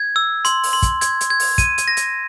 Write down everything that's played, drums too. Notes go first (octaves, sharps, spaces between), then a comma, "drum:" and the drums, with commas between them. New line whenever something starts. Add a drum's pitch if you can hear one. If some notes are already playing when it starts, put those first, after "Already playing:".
Already playing: G#6
E6
C6, drum: hi-hat
drum: open hi-hat
C6
drum: kick, hi-hat
G#6, drum: hi-hat
drum: hi-hat
G#6
drum: open hi-hat
D#7, drum: kick, hi-hat
drum: hi-hat
A#6
drum: hi-hat